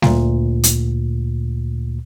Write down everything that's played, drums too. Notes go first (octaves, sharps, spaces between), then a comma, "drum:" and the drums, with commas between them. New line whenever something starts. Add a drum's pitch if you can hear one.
D2 A#2, drum: snare G3
drum: hi-hat